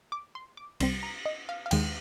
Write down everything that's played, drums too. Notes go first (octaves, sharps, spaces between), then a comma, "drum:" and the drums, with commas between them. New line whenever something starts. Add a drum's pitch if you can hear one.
D6
C6
D6
C2 C3 G3 C4 C6, drum: cymbal
A#5
D#5
F5
F5
D#2 D#3 G#3 G5, drum: cymbal